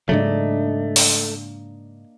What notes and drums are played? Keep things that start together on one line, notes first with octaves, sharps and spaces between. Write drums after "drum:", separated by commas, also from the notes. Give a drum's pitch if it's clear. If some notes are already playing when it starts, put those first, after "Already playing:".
G#2 C#3 F#3 A3 A#3 D4 D#5
drum: open hi-hat